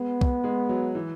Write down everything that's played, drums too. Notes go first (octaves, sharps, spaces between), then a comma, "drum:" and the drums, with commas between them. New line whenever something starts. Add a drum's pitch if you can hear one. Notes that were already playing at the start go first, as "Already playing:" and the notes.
Already playing: G#3 B3
drum: kick
G#3
F#3
E3